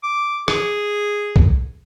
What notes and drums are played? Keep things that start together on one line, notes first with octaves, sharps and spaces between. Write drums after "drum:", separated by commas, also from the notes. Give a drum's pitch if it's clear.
D6
G#4, drum: rim click
drum: kick C2